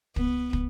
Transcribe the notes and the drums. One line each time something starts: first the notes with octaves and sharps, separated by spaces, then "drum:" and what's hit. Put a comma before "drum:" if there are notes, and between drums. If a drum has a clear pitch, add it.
B3, drum: kick
drum: kick